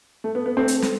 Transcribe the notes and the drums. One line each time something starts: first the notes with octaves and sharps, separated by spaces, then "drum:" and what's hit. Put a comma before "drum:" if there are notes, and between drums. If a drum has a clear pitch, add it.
A3
B3
B3
A3 C4
drum: hi-hat
drum: snare